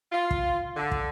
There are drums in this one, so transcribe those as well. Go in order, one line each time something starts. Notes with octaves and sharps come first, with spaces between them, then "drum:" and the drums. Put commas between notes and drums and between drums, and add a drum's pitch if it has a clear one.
F4
drum: kick
D3
drum: kick